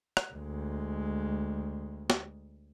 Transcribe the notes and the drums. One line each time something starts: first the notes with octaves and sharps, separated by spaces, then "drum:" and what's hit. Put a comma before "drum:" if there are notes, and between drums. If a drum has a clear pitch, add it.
drum: rim click
D2 G#3
drum: snare